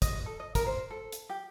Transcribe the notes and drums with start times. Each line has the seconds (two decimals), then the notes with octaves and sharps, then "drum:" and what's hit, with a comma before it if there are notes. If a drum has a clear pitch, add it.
0.02 D#5, drum: kick, hi-hat
0.26 A4
0.40 D#5
0.55 A#4, drum: kick, hi-hat
0.67 C5
0.90 A4
1.12 drum: hi-hat
1.30 G4